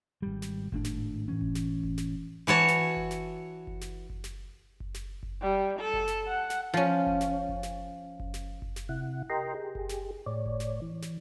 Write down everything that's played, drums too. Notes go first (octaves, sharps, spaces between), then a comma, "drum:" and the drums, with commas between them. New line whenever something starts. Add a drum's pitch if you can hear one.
G#1 G3
drum: snare
G#1 A2 D4, drum: kick F#1
drum: snare
A2 E3 C#4
drum: kick F#1
drum: snare
drum: kick F#1
drum: snare
E3 F#4 C#5 A5
drum: snare
drum: kick F#1
drum: snare
drum: kick F#1
drum: snare
drum: kick F#1
drum: snare
drum: kick F#1
drum: snare
drum: kick F#1
G3
A4
drum: kick F#1
drum: snare
F#5
drum: snare
F3 C#4
drum: kick F#1
drum: snare
drum: kick F#1
drum: snare
drum: kick F#1
drum: snare
drum: kick F#1
drum: snare
C3 E4 F#5
G4 A#4 D#5 G5 A#5 C6
G4 G#4
drum: kick F#1
drum: snare
A2 C#5 D5
drum: kick F#1
drum: snare
E3
drum: snare